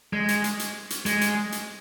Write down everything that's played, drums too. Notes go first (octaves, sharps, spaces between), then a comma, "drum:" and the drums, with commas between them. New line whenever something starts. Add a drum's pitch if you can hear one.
G#3
drum: hi-hat
drum: hi-hat
drum: hi-hat
drum: hi-hat
G#3, drum: hi-hat
drum: hi-hat
drum: hi-hat